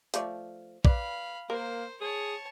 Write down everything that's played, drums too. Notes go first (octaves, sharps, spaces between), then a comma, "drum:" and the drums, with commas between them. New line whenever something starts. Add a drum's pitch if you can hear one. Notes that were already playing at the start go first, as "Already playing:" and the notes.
F3 A3 D5, drum: hi-hat
B4 D5 F5 B5, drum: kick
A#3 A#4 C5
G#4 C#5 A5